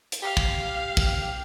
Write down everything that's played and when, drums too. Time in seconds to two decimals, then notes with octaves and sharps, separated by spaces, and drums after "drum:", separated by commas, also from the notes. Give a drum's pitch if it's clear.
0.12 drum: hi-hat
0.22 G4 F5
0.37 drum: kick
0.97 drum: kick